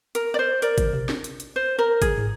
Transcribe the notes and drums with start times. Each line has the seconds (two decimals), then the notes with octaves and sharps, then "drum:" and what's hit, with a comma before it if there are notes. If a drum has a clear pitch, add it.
0.15 A#4, drum: hi-hat
0.34 D5
0.39 C5
0.62 A#4 D5, drum: hi-hat
0.78 drum: kick G#1, hi-hat
0.93 drum: tom B2
1.09 drum: snare
1.24 drum: hi-hat
1.40 drum: hi-hat
1.56 C5
1.79 A#4
2.02 G#4, drum: kick G#1, hi-hat
2.18 drum: tom